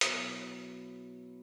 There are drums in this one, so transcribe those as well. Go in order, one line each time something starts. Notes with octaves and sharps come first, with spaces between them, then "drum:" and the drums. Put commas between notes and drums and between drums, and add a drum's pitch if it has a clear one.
B2 F#3 B3 E4, drum: hi-hat